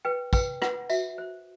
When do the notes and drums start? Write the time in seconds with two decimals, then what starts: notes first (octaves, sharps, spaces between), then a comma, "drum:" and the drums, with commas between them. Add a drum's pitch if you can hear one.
0.05 B4 G5
0.33 B4 G5, drum: kick, tambourine
0.62 B4 F#5, drum: rim click
0.89 F#4 E5, drum: tambourine
1.18 C5